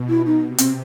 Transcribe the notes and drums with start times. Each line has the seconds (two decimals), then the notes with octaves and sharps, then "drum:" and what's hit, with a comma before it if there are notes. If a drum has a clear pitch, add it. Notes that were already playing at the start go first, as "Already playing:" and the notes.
Already playing: B2
0.09 E4
0.26 D#4
0.44 C3
0.58 C4, drum: hi-hat